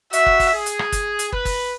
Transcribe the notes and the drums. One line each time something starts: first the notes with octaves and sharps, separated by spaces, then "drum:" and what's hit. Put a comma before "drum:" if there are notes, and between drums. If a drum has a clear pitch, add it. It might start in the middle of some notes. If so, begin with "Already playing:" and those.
F#4 E5, drum: hi-hat
drum: kick
drum: kick, open hi-hat
G#4
drum: hi-hat
drum: rim click
drum: kick, hi-hat
drum: hi-hat
B4, drum: kick
drum: kick, open hi-hat